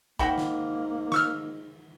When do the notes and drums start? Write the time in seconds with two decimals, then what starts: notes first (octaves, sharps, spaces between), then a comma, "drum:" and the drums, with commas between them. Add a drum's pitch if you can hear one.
0.19 G#2 A#3 F#4 G5 B5, drum: kick A1
0.38 drum: snare
1.12 C#6 E6 F6, drum: snare